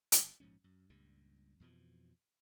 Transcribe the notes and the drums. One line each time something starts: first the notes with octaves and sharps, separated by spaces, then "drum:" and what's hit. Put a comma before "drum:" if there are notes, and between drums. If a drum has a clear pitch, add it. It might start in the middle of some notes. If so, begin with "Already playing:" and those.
G1 C#3, drum: hi-hat
A#1 G#2 F3 C#4
F#2
C#2 G2 A#2 G3
F2 B2 E3 F3